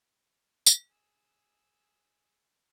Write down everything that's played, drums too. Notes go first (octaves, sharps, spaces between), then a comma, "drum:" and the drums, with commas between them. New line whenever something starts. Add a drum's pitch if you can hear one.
drum: tambourine
G#4 E6